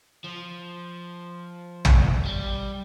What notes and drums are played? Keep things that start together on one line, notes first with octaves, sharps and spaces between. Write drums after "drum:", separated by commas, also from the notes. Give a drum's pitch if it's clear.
F3
drum: tom
G3